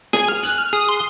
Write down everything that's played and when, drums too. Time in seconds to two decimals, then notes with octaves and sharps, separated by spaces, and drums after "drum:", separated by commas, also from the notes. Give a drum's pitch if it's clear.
0.13 G#4 G#5, drum: snare
0.28 F6
0.43 F#6, drum: hi-hat
0.58 F6
0.73 G#4 D#6
0.89 C6